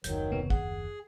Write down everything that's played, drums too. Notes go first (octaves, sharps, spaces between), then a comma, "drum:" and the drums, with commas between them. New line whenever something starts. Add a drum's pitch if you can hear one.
F#1 D#2 D#3 F#3 G6, drum: hi-hat
C3 B3
G#4 F#5, drum: kick